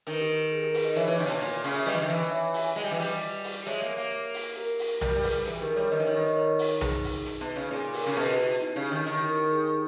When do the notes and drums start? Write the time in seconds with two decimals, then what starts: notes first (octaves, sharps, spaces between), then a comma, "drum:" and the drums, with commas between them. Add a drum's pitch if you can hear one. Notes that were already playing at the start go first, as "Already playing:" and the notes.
0.07 D#3 A#4, drum: hi-hat
0.13 B4
0.21 G4 A#4
0.52 G#4
0.63 G4 A#4
0.74 G#4 B4, drum: open hi-hat
0.85 B4 D#5
0.96 E3 C#5 E5
1.07 E3
1.19 D#3, drum: open hi-hat
1.26 A#2
1.30 B2
1.42 A#2
1.64 C#3, drum: open hi-hat
1.76 E5
1.86 G3 B4 D#5, drum: hi-hat
1.95 E3
2.01 D#3
2.09 E3, drum: hi-hat
2.31 C#5 E5
2.54 E5 G#5, drum: open hi-hat
2.70 G#5
2.76 G#3 D#5 G5
2.84 G3
2.91 E3
2.99 G3, drum: open hi-hat
3.44 drum: open hi-hat
3.67 G#3 C#5 E5, drum: hi-hat
3.82 A#3
3.96 A#3
4.34 drum: open hi-hat
4.56 G4 A#4
4.79 drum: open hi-hat
5.01 G3 G4 A#4, drum: tom B1
5.16 G3
5.23 G#4 B4, drum: open hi-hat
5.31 G3
5.46 E3 G#4 B4, drum: hi-hat
5.61 D#3 G4 A#4
5.76 G3 A#4 C#5
5.91 D#3 B4 D#5
6.00 E3
6.06 D#3 A#4 C#5
6.21 B4 D#5
6.36 A#4 C#5
6.59 drum: open hi-hat
6.81 G#4 B4, drum: tom B1
7.04 drum: open hi-hat
7.26 drum: hi-hat
7.41 B2
7.56 C#3
7.71 A#2 G#4 B4
7.94 G4 A#4, drum: open hi-hat
8.07 C#3
8.16 B2 G#4
8.32 G4
8.46 E4
8.61 D#4
8.76 C#3
8.92 D#3
9.06 D#3 E4, drum: hi-hat
9.21 G4 A#4
9.36 G4 A#4
9.51 G#4
9.70 G#4